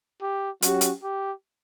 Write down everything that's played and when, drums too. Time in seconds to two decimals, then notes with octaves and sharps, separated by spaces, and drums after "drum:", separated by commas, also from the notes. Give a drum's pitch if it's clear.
0.22 G4
0.62 F#3 C#4 F#4 G4, drum: hi-hat
0.81 drum: hi-hat
1.03 G4